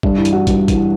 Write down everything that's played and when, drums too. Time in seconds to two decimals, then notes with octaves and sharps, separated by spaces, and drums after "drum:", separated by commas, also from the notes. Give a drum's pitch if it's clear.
0.03 G2 D4, drum: kick
0.18 E4
0.25 E3, drum: hi-hat
0.32 F#4
0.47 G2, drum: kick, hi-hat
0.68 E3, drum: kick, hi-hat